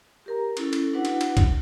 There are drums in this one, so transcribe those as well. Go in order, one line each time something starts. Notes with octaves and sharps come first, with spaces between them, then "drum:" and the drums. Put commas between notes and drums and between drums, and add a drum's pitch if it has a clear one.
G4 A#4 A#5
C#4 E4 A4, drum: cymbal
drum: cymbal
D4 E4 F#4 B4 F#5
drum: cymbal
drum: cymbal
drum: kick, cymbal